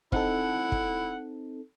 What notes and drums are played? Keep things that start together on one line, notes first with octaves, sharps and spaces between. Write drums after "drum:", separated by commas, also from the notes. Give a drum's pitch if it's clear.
C4 D#4 E4 A4 F#5, drum: kick
drum: kick